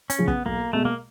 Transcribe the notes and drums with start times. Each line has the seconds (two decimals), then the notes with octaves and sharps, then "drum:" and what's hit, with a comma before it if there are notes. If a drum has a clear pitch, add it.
0.10 C#4, drum: hi-hat
0.18 C#3 F3
0.28 B3, drum: kick
0.46 B1 A#3
0.73 B2 G#3 A3
0.85 A#3